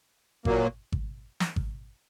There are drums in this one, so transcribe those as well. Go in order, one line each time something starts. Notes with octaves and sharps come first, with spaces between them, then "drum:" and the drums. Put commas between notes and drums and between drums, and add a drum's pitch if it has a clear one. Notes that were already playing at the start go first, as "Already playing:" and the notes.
A#2 F#3 A#3, drum: kick G#1
drum: kick G#1
drum: snare
drum: kick G#1